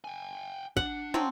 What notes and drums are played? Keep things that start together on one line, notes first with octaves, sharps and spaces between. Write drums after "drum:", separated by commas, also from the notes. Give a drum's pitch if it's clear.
G5 G#5
D4 F#5, drum: kick
F3 F#3 C4, drum: tom